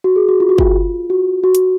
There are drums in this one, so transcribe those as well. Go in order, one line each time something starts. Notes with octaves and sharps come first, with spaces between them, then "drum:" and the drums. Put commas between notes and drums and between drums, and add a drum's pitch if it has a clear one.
F#4
G#4
F#4
F4
F#4
F4, drum: kick G1
F#4
F#4
drum: hi-hat